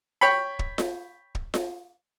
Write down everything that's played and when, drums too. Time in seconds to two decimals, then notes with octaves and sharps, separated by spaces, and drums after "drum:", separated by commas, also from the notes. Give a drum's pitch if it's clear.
0.21 C#5 G5 B5
0.59 drum: kick
0.78 drum: snare F4
1.35 drum: kick
1.54 drum: snare F4